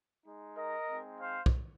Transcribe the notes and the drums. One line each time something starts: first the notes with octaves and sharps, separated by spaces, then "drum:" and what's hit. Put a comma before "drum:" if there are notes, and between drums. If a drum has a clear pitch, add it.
G#3 D#4
A#4 D#5
G#3 C4 D#4
C5 F5
drum: kick